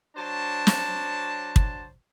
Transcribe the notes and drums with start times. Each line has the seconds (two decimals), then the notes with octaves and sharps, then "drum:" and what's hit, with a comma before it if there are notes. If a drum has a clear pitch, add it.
0.16 F#3 D4 F#4 C5 A5
0.67 drum: snare
1.56 drum: kick